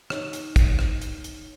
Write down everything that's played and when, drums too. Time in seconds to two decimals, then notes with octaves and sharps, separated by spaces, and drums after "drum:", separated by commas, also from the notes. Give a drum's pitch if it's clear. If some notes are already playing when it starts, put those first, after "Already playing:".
0.10 D#4 C#5, drum: rim click
0.33 drum: hi-hat
0.56 drum: kick, hi-hat
0.79 drum: rim click
1.02 drum: hi-hat
1.24 drum: hi-hat